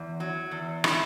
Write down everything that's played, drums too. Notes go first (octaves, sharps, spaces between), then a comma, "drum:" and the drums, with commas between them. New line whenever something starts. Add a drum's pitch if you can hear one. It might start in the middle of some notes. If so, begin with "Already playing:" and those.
Already playing: E2
F#3
E2
E4, drum: rim click